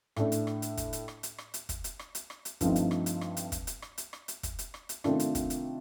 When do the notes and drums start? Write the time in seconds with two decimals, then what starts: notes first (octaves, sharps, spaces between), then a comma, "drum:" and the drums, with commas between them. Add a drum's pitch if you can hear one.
0.16 A2 A3 D4, drum: rim click
0.32 drum: hi-hat
0.47 drum: rim click
0.62 drum: hi-hat
0.77 drum: kick, hi-hat
0.93 drum: hi-hat
1.08 drum: rim click
1.23 drum: hi-hat
1.38 drum: rim click
1.54 drum: hi-hat
1.69 drum: kick, hi-hat
1.84 drum: hi-hat
1.99 drum: rim click
2.15 drum: hi-hat
2.30 drum: rim click
2.45 drum: hi-hat
2.61 G2 F3 A3 C4 D#4, drum: kick, hi-hat
2.76 drum: hi-hat
2.91 drum: rim click
3.06 drum: hi-hat
3.21 drum: rim click
3.37 drum: hi-hat
3.52 drum: kick, hi-hat
3.67 drum: hi-hat
3.82 drum: rim click
3.98 drum: hi-hat
4.13 drum: rim click
4.28 drum: hi-hat
4.43 drum: kick, hi-hat
4.59 drum: hi-hat
4.74 drum: rim click
4.89 drum: hi-hat
5.04 C3 D#3 A3 D4 F4, drum: rim click
5.20 drum: hi-hat
5.35 drum: kick, hi-hat
5.50 drum: hi-hat